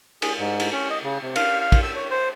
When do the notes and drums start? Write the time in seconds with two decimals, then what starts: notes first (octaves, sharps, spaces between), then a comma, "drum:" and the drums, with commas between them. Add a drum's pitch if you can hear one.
0.22 G#4, drum: cymbal
0.39 G#2
0.60 drum: cymbal
0.72 C#4
0.90 D#5
1.03 C#3
1.22 C3
1.36 F5, drum: cymbal
1.61 F5
1.72 drum: kick, cymbal
1.83 E6
1.96 C#5
2.11 C5